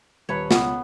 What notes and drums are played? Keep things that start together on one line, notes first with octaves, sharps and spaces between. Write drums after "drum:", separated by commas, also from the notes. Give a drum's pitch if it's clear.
D#1 B4 C#5
C#2 B3, drum: snare